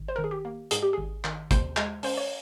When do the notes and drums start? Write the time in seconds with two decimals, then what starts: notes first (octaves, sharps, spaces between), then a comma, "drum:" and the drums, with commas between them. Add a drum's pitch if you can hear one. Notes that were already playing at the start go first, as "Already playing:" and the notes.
Already playing: G#1
0.08 C5
0.16 D#3 A#4
0.24 G#4
0.31 G4
0.45 A#3
0.71 G#2 G#4, drum: hi-hat
0.83 G4
0.93 G#1 G#4
1.24 D#3, drum: clap
1.51 D#2 C5, drum: kick, hi-hat
1.77 G#3, drum: clap
2.03 C#4 C5, drum: open hi-hat
2.17 C#5